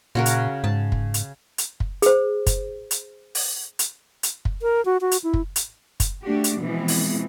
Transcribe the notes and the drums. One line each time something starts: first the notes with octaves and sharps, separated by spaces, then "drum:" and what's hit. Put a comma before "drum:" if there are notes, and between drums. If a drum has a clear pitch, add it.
A#2 C#3 F#4 A#4
drum: hi-hat
G#2 A5
drum: kick
drum: hi-hat
drum: hi-hat
drum: kick
G#4 C5, drum: hi-hat
drum: kick, hi-hat
drum: hi-hat
drum: open hi-hat
drum: hi-hat
drum: hi-hat
drum: kick
A#4
F#4
F#4
drum: hi-hat
E4
drum: kick
drum: hi-hat
drum: kick, hi-hat
A3 D4 F#4 G4
drum: hi-hat
B2 E3 F3 G#3 B3 C4
drum: open hi-hat